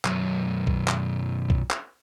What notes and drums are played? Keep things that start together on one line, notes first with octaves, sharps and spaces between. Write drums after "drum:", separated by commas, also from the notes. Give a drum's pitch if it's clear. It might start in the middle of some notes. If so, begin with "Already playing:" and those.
B1 F#2, drum: clap
drum: kick B1
drum: clap
drum: kick B1
drum: clap